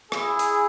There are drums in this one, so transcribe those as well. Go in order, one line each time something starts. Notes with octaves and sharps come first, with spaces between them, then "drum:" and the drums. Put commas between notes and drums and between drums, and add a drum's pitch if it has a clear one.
E4 G#4, drum: rim click
drum: hi-hat